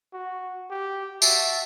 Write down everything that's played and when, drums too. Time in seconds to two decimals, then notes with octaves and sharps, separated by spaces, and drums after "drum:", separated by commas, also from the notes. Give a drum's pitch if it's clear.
0.13 F#4
0.70 G4
1.22 F#4 E5 A5, drum: tambourine